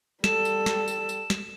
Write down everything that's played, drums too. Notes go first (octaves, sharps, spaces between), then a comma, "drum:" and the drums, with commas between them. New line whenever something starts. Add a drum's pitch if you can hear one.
G3 A4 E7, drum: snare
drum: tambourine
drum: snare
drum: tambourine
drum: tambourine
drum: snare